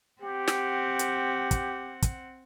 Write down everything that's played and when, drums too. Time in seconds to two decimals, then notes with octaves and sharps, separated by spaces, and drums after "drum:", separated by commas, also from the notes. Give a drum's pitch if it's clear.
0.22 C4 G4 F#5
0.48 drum: snare
0.99 drum: hi-hat
1.51 drum: kick, hi-hat
2.02 drum: kick, hi-hat